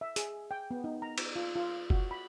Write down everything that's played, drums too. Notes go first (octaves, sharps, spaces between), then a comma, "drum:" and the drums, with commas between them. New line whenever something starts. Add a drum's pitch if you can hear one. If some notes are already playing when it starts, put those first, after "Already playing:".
E5
G#4, drum: hi-hat
G5
B3
D#4
A#5
drum: cymbal
F4
F4
F#4, drum: kick F#1
B5